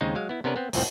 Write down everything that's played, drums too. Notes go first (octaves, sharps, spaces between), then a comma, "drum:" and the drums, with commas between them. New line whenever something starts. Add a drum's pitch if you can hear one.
D#2 C#3 G#3 C4 D#4
F#3 G#3 F5
B3 E4
C3 B3 C#4 D4 A#4 B4
B3 C4
C2 F2 A2 F3 C4, drum: open hi-hat